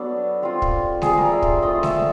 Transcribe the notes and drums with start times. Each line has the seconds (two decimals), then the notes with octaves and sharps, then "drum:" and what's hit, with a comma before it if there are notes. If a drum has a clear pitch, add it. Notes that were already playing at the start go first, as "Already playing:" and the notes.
Already playing: F#3 B3 D4 A4
0.42 G3 C4 F4
0.62 drum: kick
1.02 G3 C4 F4 G#4, drum: snare G#3
1.18 A#4
1.32 E5
1.42 drum: kick
1.63 A3 D4 F4 D#5
1.83 E5, drum: snare G#3